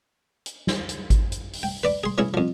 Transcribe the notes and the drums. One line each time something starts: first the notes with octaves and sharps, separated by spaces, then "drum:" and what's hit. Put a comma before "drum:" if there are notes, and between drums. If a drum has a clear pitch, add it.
drum: hi-hat
drum: snare
drum: hi-hat
drum: kick G#1, hi-hat
drum: hi-hat
drum: open hi-hat
G5
B4 D5 D6
G#4 C6
E3 C#4 E4 G#4
F2 F3